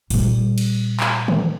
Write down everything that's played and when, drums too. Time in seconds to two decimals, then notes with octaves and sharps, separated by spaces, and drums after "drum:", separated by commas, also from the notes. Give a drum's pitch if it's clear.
0.10 A#2 G3, drum: open hi-hat
0.58 drum: cymbal
1.00 drum: clap
1.28 drum: tom D3